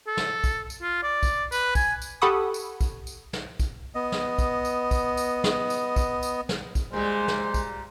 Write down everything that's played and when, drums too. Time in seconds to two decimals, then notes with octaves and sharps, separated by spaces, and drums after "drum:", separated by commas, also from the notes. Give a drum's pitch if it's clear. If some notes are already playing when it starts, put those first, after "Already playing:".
0.07 A4
0.17 drum: snare
0.44 drum: kick B1, tambourine
0.70 drum: tambourine
0.82 F4
1.03 D5
1.23 drum: kick B1, tambourine
1.52 B4, drum: tambourine
1.75 G#5, drum: kick B1, tambourine
2.02 drum: tambourine
2.22 G4 A4 F#5 B5 C#6 D#6
2.54 drum: tambourine
2.81 drum: kick B1, tambourine
3.07 drum: tambourine
3.33 drum: snare
3.59 drum: kick B1, tambourine
3.95 B3 D#5
4.12 drum: snare
4.38 drum: kick B1, tambourine
4.65 drum: tambourine
4.91 drum: kick B1, tambourine
5.17 drum: tambourine
5.44 drum: snare
5.70 drum: tambourine
5.96 drum: kick B1, tambourine
6.23 drum: tambourine
6.49 drum: snare
6.75 drum: kick B1, tambourine
6.93 A#2 G3 G#3 C5
7.28 drum: snare
7.54 drum: kick B1, tambourine